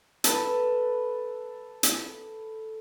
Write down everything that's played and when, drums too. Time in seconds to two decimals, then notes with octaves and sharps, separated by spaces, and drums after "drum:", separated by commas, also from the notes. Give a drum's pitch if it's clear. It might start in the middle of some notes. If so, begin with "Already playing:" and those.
0.24 A4 B4, drum: hi-hat
1.83 drum: hi-hat